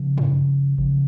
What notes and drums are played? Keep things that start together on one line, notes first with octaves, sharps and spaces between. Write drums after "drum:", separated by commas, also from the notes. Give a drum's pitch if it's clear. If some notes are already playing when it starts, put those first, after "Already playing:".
Already playing: C#3 F3
drum: tom
C#3 F3, drum: kick G#1